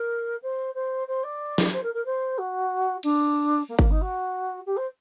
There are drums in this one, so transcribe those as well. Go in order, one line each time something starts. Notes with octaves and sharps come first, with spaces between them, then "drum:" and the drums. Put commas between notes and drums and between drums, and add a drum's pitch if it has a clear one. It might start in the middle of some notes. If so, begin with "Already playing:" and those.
Already playing: A#4
C5
C5
C5
D5
drum: snare
C5
A#4
A#4
C5
F#4
D4, drum: cymbal
A#3
A#3, drum: kick G1
D#4
F#4
G4
C5